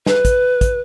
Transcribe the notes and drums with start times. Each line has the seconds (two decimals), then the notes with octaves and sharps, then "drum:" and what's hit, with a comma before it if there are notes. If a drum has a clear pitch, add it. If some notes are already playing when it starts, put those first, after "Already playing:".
0.06 B4, drum: snare
0.25 drum: kick, hi-hat
0.61 drum: kick, hi-hat